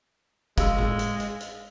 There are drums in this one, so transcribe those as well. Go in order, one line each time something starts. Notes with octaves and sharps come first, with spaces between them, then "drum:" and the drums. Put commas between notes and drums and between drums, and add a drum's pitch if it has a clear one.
G#3 F5 E6, drum: kick G1, hi-hat
drum: tom A2
drum: hi-hat
drum: hi-hat
drum: hi-hat